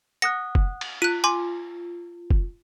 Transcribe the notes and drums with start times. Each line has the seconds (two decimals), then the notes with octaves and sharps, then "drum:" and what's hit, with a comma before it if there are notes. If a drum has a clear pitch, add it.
0.22 F#5 D#6 F#6 A#6 C#7
0.55 drum: kick F1
0.81 drum: cymbal
1.02 F4 F#6 D#7
1.24 G#5 C6 D6
2.30 drum: kick F1